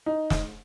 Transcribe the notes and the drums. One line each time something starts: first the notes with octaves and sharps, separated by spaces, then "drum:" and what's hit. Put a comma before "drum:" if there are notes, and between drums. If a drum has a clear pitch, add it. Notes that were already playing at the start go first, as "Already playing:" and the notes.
D#4
drum: snare